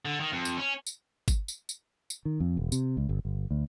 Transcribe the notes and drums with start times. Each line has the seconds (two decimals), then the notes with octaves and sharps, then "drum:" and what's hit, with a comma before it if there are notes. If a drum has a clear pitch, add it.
0.05 D3
0.20 D#3
0.32 F2
0.45 drum: tambourine
0.58 C#4
0.86 drum: tambourine
1.28 drum: kick, tambourine
1.48 drum: tambourine
1.69 drum: tambourine
2.10 drum: tambourine
2.25 D#3
2.40 F2
2.57 E1
2.72 C3, drum: tambourine
2.97 C#2
3.09 G1
3.25 G1
3.51 D2